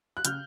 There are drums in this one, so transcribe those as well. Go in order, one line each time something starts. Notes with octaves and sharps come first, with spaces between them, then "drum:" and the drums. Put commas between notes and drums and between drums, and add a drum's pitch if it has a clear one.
F#6
C#3 F6 G6, drum: hi-hat